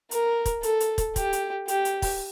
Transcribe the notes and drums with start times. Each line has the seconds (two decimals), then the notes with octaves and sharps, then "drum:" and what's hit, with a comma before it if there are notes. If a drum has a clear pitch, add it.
0.11 A#4, drum: hi-hat
0.46 drum: kick, hi-hat
0.63 A4, drum: hi-hat
0.80 drum: hi-hat
0.98 drum: kick, hi-hat
1.16 G4, drum: kick, hi-hat
1.33 drum: hi-hat
1.68 G4, drum: hi-hat
1.85 drum: hi-hat
2.02 drum: kick, open hi-hat